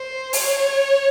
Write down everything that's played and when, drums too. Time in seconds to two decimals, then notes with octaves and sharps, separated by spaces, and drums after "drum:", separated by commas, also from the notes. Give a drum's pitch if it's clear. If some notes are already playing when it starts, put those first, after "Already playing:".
Already playing: C5
0.33 C#5, drum: open hi-hat